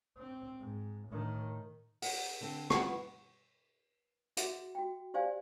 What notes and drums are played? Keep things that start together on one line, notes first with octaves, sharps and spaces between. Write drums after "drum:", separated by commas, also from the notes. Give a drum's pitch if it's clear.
C4
G#2
A2 D#3
F#5, drum: open hi-hat
D3 C4
B3 E4 F4 B4 F5 F#5, drum: rim click
F#4 G#4 E5 F#5, drum: hi-hat
F#4 G5
G4 C5 D5 F5 G#5